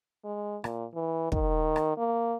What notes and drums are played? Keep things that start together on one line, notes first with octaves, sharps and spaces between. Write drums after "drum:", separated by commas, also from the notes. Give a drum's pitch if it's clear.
G#3
A#2, drum: rim click
E3
D#3, drum: kick
drum: rim click
A#3